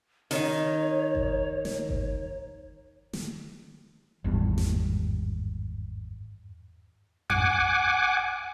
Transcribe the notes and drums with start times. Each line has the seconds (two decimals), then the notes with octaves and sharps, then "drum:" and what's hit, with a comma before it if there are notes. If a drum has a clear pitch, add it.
0.31 D#3 D#4 C#5, drum: open hi-hat
1.15 drum: kick G1
1.65 drum: snare
1.89 drum: kick G1
3.13 drum: snare
4.24 G#1 E2 G2
4.58 drum: snare
7.30 F#5 G#5 D6, drum: tom F2